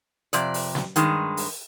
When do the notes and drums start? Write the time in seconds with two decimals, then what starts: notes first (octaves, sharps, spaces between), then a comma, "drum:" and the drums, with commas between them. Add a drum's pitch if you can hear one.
0.33 F2 C3 D5, drum: hi-hat
0.54 drum: open hi-hat
0.75 drum: snare
0.96 G2 D#3 G#3, drum: hi-hat
1.37 drum: open hi-hat